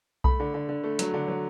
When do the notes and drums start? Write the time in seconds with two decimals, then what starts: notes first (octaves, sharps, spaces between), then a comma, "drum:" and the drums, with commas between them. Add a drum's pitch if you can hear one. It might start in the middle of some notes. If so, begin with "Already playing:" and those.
0.24 A3 B5, drum: kick B1
0.40 D3
0.54 D3
0.69 D3
0.84 A3
0.99 F#3, drum: hi-hat
1.14 D3
1.28 F#3